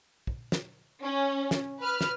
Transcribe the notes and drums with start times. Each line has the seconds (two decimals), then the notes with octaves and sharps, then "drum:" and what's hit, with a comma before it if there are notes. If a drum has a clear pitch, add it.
0.27 drum: kick
0.52 drum: snare
1.02 C#4
1.51 drum: snare
1.81 B4 F6
2.01 drum: snare